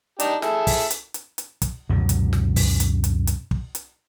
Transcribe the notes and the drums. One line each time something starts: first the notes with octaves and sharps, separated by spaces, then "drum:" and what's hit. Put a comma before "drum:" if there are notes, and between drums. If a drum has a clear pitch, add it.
D4 D#4 G4, drum: hi-hat
E4 G#4 A4, drum: snare
drum: kick, open hi-hat
drum: hi-hat
drum: hi-hat
drum: hi-hat
drum: kick, hi-hat
C#2 F#2 B2 D3
drum: hi-hat
drum: snare
drum: kick, open hi-hat
drum: hi-hat
drum: hi-hat
drum: hi-hat
drum: kick
drum: hi-hat